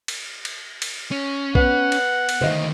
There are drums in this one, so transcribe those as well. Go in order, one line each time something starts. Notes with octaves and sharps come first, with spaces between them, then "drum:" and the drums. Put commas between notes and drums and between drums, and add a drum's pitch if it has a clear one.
drum: cymbal
drum: cymbal
drum: cymbal
C#4
B3 F#5, drum: kick A#1
drum: cymbal
drum: cymbal
D2 D#3 C5 D#5 F5